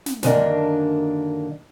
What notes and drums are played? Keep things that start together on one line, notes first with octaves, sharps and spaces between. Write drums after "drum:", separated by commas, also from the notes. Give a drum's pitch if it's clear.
drum: snare
F#2 D3 D#3 A#3 D4 A#4, drum: snare